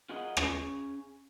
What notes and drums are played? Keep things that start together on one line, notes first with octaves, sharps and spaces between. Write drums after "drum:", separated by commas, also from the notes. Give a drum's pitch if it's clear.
F4 F#4 G#4 A#4 D#5 F#5
C#4 G#4, drum: rim click